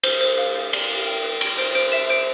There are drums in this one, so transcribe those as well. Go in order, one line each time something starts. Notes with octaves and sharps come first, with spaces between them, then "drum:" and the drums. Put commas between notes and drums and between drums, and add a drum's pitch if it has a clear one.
C5, drum: cymbal
C5
F5
F5
D5, drum: cymbal
G4
G5
B4
G5 D7, drum: cymbal
C5 D7
C5 D7
E5 E7
C5 D7